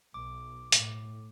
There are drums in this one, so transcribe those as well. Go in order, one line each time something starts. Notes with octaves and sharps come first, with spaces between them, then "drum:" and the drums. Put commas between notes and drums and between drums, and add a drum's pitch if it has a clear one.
B1 D6
A2, drum: hi-hat